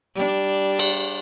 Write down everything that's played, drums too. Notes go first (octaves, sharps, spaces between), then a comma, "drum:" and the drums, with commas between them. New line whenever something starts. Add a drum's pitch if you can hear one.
G3 D4
drum: cymbal